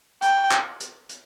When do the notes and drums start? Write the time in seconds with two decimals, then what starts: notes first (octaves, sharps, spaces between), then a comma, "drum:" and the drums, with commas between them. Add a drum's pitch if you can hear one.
0.22 G5, drum: hi-hat
0.51 drum: clap
0.80 drum: hi-hat
1.09 drum: hi-hat